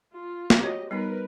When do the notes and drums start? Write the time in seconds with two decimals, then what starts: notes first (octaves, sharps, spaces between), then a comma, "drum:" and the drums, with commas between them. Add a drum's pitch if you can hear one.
0.15 F4
0.50 drum: snare
0.60 F#4 G4 C#5 D#5
0.91 G3 B3 D#4 A#4 B4